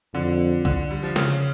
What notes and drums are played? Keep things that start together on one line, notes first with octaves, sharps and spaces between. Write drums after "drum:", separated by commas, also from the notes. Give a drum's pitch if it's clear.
F2 D3
D3, drum: kick
G3
F3
C#3, drum: snare